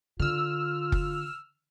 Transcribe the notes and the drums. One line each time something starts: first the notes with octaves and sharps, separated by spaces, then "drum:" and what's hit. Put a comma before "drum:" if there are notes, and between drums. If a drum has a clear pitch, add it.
D3 F4 E6 F6
drum: kick F#1